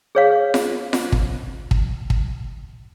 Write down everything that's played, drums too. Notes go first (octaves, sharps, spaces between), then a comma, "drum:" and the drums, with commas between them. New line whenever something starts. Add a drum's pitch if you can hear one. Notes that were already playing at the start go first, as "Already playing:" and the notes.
G#4 C#5 F5
drum: snare F4
drum: snare F4
drum: kick
drum: kick
drum: kick